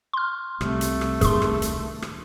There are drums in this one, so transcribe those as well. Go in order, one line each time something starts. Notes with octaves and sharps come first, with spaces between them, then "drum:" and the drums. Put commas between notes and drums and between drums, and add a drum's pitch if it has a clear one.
C6 F6
C2 C3 A3, drum: rim click
drum: hi-hat
drum: rim click
D#3 D4 G#4 C6, drum: hi-hat
drum: rim click
drum: hi-hat
drum: rim click